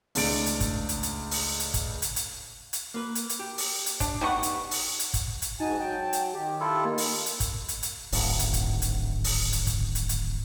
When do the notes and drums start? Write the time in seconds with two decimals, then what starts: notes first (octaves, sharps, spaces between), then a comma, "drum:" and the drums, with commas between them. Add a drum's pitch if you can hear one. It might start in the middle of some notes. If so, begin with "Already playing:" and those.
0.15 C#2 A2 C#3 D4 A6 D7, drum: open hi-hat
0.46 drum: hi-hat
0.60 drum: kick, hi-hat
0.89 drum: hi-hat
1.03 drum: hi-hat
1.31 drum: open hi-hat
1.60 drum: hi-hat
1.74 drum: kick, hi-hat
2.02 drum: hi-hat
2.16 drum: hi-hat
2.73 drum: hi-hat
2.94 A#3 B4
3.15 drum: hi-hat
3.29 drum: hi-hat
3.40 G4
3.58 drum: open hi-hat
3.86 drum: hi-hat
4.00 D4, drum: kick, hi-hat
4.21 G3 B3 D#4 D#5 F#5 C#6
4.43 drum: hi-hat
4.71 drum: open hi-hat
4.99 drum: hi-hat
5.14 drum: kick, hi-hat
5.42 drum: hi-hat
5.60 G#2 D#4 F#4 G#5 A5
5.79 F#3 G5
6.13 drum: hi-hat
6.34 D#3 G4
6.61 E4 F4 A4
6.85 A#3
6.98 drum: open hi-hat
7.26 drum: hi-hat
7.40 drum: kick, hi-hat
7.68 drum: hi-hat
7.83 drum: hi-hat
8.12 D1 G#1, drum: open hi-hat
8.39 drum: hi-hat
8.53 drum: kick, hi-hat
8.82 drum: hi-hat
9.24 drum: open hi-hat
9.53 drum: hi-hat
9.67 drum: kick, hi-hat
9.95 drum: hi-hat
10.09 drum: hi-hat